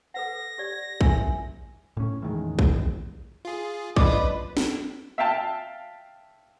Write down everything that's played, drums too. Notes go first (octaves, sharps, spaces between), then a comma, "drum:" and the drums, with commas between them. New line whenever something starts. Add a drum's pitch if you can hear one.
A4 B4 F#5 A#6
G4 D5
A#4 E5 G#5, drum: kick
A2 C#4
E2 A2 D#3 G#3
drum: kick
F4 G#4
D4 F4 B4 D5 D#5 D6, drum: kick
drum: snare
E5 F5 G5 A5